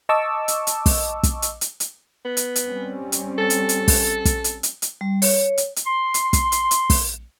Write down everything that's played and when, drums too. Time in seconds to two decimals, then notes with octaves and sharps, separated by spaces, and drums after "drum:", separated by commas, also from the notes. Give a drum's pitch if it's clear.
0.09 D#5 A5 C#6 D6 E6
0.48 drum: hi-hat
0.67 drum: hi-hat
0.86 drum: kick, open hi-hat
1.23 drum: kick, hi-hat
1.42 drum: hi-hat
1.61 drum: hi-hat
1.80 drum: hi-hat
2.25 B3
2.37 drum: hi-hat
2.56 drum: hi-hat
2.66 G3 C4 C#4
3.12 drum: hi-hat
3.38 A4
3.50 drum: hi-hat
3.69 drum: hi-hat
3.88 drum: kick, open hi-hat
4.25 drum: kick, hi-hat
4.44 drum: hi-hat
4.63 drum: hi-hat
4.82 drum: hi-hat
5.01 G3
5.22 C#5, drum: open hi-hat
5.58 drum: hi-hat
5.76 drum: hi-hat
5.86 C6
6.14 drum: hi-hat
6.33 drum: kick, hi-hat
6.52 drum: hi-hat
6.71 drum: hi-hat
6.90 drum: kick, open hi-hat